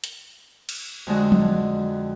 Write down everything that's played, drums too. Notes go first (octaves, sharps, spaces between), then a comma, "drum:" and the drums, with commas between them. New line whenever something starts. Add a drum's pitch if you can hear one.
drum: hi-hat
drum: cymbal
F2 D3 G#3 F#4 D#5
drum: tom F3